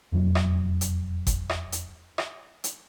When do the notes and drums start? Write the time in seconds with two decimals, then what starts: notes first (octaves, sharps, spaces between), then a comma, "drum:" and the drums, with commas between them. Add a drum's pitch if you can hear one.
0.12 E1 F2 F#3
0.35 drum: rim click
0.81 drum: hi-hat
1.27 drum: kick G1, hi-hat
1.49 drum: rim click
1.72 drum: hi-hat
2.18 drum: rim click
2.64 drum: hi-hat